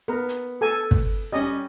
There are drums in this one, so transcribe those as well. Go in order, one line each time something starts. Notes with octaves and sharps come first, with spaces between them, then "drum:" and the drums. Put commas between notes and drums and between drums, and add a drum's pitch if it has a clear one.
B3 A#4
drum: hi-hat
A4 G#5
drum: kick
G3 C#4 D#5